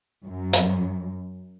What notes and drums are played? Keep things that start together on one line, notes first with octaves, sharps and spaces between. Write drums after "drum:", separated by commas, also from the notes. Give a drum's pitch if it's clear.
F#2
drum: hi-hat